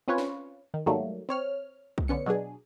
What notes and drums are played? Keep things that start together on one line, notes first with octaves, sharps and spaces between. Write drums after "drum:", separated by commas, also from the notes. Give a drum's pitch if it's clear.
C4 C#4 F4 B4 C#5
drum: snare
D#3
G#2 D#3 F#3 G3 A3 A#3
C4 C#5 F6
drum: kick
D3 B3 C#4 C#7
B2 F#3 D4 G#4